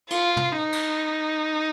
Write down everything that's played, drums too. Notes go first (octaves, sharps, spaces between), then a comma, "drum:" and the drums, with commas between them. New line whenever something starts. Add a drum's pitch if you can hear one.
F4, drum: cymbal
drum: tom
D#4
drum: cymbal